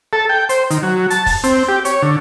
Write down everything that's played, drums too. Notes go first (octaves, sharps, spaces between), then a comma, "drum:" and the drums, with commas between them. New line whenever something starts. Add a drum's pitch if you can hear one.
A4
G5
C5, drum: hi-hat
D#3, drum: hi-hat
F#3
A5, drum: hi-hat
drum: kick, open hi-hat
C4, drum: hi-hat
G4
C#5, drum: hi-hat
D3